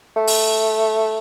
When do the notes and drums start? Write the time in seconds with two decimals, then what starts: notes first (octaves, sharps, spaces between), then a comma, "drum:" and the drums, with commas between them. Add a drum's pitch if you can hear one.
0.16 A3
0.27 drum: open hi-hat